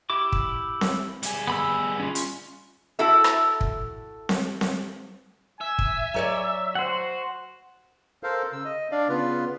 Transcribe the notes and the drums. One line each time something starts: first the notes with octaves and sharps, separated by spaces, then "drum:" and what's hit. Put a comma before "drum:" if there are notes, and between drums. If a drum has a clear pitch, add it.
E4 G4 D6
drum: kick
drum: snare C4
G3 G#4, drum: hi-hat
B3 B5 E6
C#4 F4
drum: hi-hat
E4 F#4 A4 E5
drum: rim click
drum: kick
drum: snare C4
drum: snare C4
E5 G#5
drum: kick
F#3 C#5 D5
F#4 C5 F#5
A4 A#4 C5 F5
C#3 E6
D#5
D4 D5 F5
C#3 B3 F4 B4